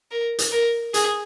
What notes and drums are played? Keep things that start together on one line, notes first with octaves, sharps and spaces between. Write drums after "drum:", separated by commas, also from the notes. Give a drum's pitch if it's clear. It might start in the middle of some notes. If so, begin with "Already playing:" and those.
A#4
drum: hi-hat
A#4
G#4, drum: hi-hat